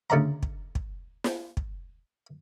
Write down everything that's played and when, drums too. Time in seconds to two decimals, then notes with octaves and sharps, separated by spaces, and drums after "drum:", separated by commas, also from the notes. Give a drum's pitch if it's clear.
0.10 D2 C#3 D5 A5 A#5
0.43 drum: kick
0.75 drum: kick
1.24 drum: snare
1.57 drum: kick